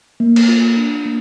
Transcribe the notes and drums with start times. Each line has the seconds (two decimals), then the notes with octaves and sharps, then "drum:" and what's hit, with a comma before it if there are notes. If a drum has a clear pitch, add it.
0.20 A#3
0.36 drum: cymbal
0.48 F4
0.77 D4
1.05 A#3